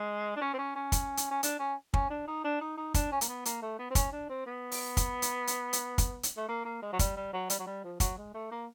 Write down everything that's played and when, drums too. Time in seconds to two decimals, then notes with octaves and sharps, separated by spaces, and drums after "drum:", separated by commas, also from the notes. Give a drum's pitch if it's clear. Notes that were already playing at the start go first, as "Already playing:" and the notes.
Already playing: G#3
0.36 D4
0.41 C#4
0.54 C4
0.58 C#4
0.75 C#4
0.92 drum: kick, hi-hat
1.17 drum: hi-hat
1.31 C#4
1.43 D4, drum: hi-hat
1.59 C#4
1.94 C#4, drum: kick
2.10 D4
2.27 D#4
2.44 D4
2.61 D#4
2.77 D#4
2.94 D4, drum: kick, hi-hat
3.12 C#4
3.21 A#3, drum: hi-hat
3.28 B3
3.45 A#3, drum: hi-hat
3.62 A3
3.79 B3
3.90 C4
3.95 C#4, drum: kick, hi-hat
4.12 D4
4.29 C4
4.46 B3
4.72 drum: open hi-hat
4.97 drum: kick, hi-hat
5.22 drum: hi-hat
5.47 drum: hi-hat
5.73 drum: hi-hat
5.98 drum: kick, hi-hat
6.23 drum: hi-hat
6.37 A3
6.48 A#3
6.65 A#3
6.82 G#3
6.93 F#3
6.99 G3, drum: kick, hi-hat
7.16 G3
7.33 F#3
7.50 G3, drum: hi-hat
7.59 F#3
7.67 G3
7.84 F3
8.00 F#3, drum: kick, hi-hat
8.17 G#3
8.34 A3
8.51 A#3